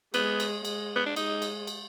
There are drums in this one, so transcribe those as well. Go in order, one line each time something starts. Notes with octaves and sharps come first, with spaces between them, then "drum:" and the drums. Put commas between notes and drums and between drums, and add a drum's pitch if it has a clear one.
G#3 B3, drum: cymbal
drum: cymbal
G#3, drum: cymbal
B3
D4
G#3 D#4, drum: cymbal
drum: cymbal
drum: cymbal